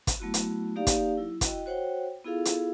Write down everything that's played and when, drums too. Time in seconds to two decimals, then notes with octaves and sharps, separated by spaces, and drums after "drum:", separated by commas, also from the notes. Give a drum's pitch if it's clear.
0.07 drum: kick, hi-hat
0.20 F#3 A3 B3 E4 F#4
0.34 drum: hi-hat
0.76 A#3 D#4 G4 D5 F5
0.87 drum: kick, hi-hat
1.17 F#3 E4
1.41 E4 F#4 D#5 G5, drum: kick, hi-hat
1.66 F#4 C5 C#5 F#5 G5
2.25 B3 E4 F4 G#4 A4 F5
2.45 drum: hi-hat